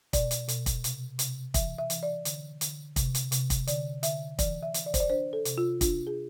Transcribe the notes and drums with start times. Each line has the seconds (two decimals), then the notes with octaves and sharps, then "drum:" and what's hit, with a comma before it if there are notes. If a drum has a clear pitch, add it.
0.13 B2 D5, drum: kick, hi-hat
0.31 drum: hi-hat
0.48 B2, drum: hi-hat
0.66 drum: kick, hi-hat
0.84 C3, drum: hi-hat
1.19 C3, drum: hi-hat
1.54 E3 E5, drum: kick, hi-hat
1.79 E5
1.90 E3, drum: hi-hat
2.03 D5
2.25 D3, drum: hi-hat
2.61 D3, drum: hi-hat
2.96 C3, drum: kick, hi-hat
3.15 drum: hi-hat
3.32 C3, drum: hi-hat
3.50 drum: kick, hi-hat
3.67 D3 D5, drum: hi-hat
4.03 D3 E5, drum: hi-hat
4.39 E3 D5, drum: kick, hi-hat
4.63 E5
4.74 E3, drum: hi-hat
4.86 D5
4.94 C5, drum: kick, hi-hat
5.00 D5
5.10 D4 C5
5.33 A4
5.45 C3, drum: hi-hat
5.58 F4
5.81 D4 F4, drum: kick, hi-hat
6.07 G#4